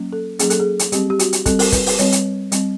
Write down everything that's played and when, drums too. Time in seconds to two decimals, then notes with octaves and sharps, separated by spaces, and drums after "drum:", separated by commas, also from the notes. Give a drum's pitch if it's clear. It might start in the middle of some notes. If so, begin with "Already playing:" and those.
Already playing: F#3 A#3 C#4
0.13 A4
0.39 F#3 A#3 C#4 G#4, drum: hi-hat
0.50 A4, drum: hi-hat
0.60 G#4
0.79 drum: hi-hat
0.92 G3 C4 G4, drum: hi-hat
1.10 G4
1.19 F#4, drum: hi-hat
1.33 drum: hi-hat
1.46 G3 C4 A4, drum: kick, hi-hat
1.59 A#4, drum: open hi-hat
1.72 B4, drum: kick, hi-hat
1.86 B4, drum: open hi-hat
1.99 G3 C4 C#5, drum: hi-hat
2.12 drum: hi-hat
2.52 G3 C4, drum: hi-hat